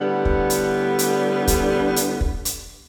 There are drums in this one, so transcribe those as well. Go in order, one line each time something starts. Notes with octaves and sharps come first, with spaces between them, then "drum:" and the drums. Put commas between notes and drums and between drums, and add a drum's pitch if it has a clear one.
A2 D3 G3 B3
drum: kick
drum: hi-hat
drum: hi-hat
drum: kick, hi-hat
drum: hi-hat
drum: kick
drum: hi-hat